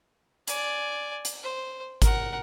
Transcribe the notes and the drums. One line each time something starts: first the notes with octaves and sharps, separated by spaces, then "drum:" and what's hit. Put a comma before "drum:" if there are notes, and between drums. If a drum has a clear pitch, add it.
D5 G#5, drum: hi-hat
drum: hi-hat
C5
A#4 F#5, drum: kick G#1, hi-hat